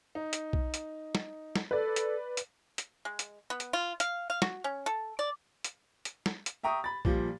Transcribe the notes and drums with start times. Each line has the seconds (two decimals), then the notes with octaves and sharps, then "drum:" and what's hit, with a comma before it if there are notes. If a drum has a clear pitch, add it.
0.15 D#4
0.33 drum: hi-hat
0.53 drum: kick B1
0.74 drum: hi-hat
1.15 drum: snare
1.56 drum: snare
1.71 A4 B4 D5
1.96 drum: hi-hat
2.37 drum: hi-hat
2.78 drum: hi-hat
3.05 G#3
3.19 drum: hi-hat
3.50 B3
3.60 drum: hi-hat
3.73 F4
4.00 F5, drum: hi-hat
4.30 F5
4.42 F#4, drum: snare
4.64 C#4
4.86 A4
5.19 D5
5.64 drum: hi-hat
6.05 drum: hi-hat
6.26 drum: snare
6.46 drum: hi-hat
6.63 E5 G5 A#5 C#6 D#6
6.84 B5 A6
7.05 A#2 F3 G3, drum: kick B1